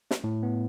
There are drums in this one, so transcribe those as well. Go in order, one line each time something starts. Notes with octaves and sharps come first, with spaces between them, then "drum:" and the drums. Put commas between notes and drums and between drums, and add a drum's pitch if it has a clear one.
drum: snare
A2
B3